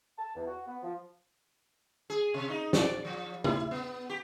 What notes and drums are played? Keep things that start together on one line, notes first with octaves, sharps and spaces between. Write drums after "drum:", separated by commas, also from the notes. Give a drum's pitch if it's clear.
A5
E2
F#4
B3
F3
G#4
C3
D#4
D5, drum: snare
F3
E4, drum: tom
B3
G4